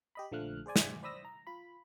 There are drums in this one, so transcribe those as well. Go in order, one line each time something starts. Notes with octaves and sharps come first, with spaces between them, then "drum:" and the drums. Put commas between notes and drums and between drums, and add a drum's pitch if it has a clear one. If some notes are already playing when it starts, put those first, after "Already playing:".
G4 D#5 B5
A#1 D3 F3 A3 F6 F#6
G#4 C5 D5 G#5
drum: snare
C5 D5 B5 D#6 E6 A#6
A#5
F4 B5